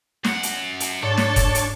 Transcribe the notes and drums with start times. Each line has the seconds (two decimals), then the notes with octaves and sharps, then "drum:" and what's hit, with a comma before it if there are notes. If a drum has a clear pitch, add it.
0.24 F#2 F#5, drum: snare
0.43 drum: hi-hat
0.80 drum: hi-hat
1.03 G#2 D4 A4 C#5 A5
1.17 drum: snare
1.36 drum: kick, hi-hat
1.55 drum: hi-hat